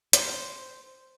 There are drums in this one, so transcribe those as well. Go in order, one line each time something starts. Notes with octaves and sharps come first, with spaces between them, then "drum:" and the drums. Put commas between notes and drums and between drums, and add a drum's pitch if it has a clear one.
C5, drum: hi-hat